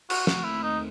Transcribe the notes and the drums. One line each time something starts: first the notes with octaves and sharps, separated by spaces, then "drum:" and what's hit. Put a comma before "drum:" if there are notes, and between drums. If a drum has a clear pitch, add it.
F#4, drum: cymbal
D#2 D#3 A3 C4 F#4, drum: snare
E4
D#4